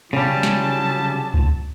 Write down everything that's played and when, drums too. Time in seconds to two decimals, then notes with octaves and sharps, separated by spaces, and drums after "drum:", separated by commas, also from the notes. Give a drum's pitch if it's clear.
0.13 C#3 F#3 G3 A5
0.43 drum: snare
1.34 drum: kick C#2